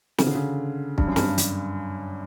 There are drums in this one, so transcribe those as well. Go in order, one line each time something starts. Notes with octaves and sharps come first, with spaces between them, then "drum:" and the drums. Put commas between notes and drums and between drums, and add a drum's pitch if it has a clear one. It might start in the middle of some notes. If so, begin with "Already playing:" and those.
C#3, drum: snare
D3
C#3
G2, drum: kick B1
F#2
G2, drum: snare
G2, drum: hi-hat